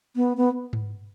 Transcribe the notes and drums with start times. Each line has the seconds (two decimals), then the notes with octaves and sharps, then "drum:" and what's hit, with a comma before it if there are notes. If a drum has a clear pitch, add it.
0.16 B3
0.37 B3
0.73 drum: tom G#2